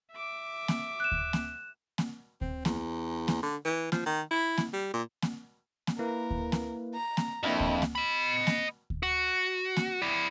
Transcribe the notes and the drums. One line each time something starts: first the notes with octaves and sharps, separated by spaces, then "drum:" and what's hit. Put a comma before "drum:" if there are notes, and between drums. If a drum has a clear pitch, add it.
E5 D6
drum: snare A#3
F#6 E7
drum: kick D2
drum: snare A#3
drum: snare A#3
C4, drum: kick D2
E2, drum: snare A#3
drum: snare A#3
D3
E3
F3, drum: snare A#3
D#3
E4
drum: snare A#3
G3
A#2
drum: snare A#3
drum: snare A#3
A#3 E4 A#4 B4
drum: kick D2
drum: snare A#3
A#5
drum: snare A#3
F2 A#3 D4 E4 D#5
drum: kick D2
drum: snare A#3
D#5 B5
drum: snare A#3
drum: kick D2
F#4
drum: snare A#3
E4 D5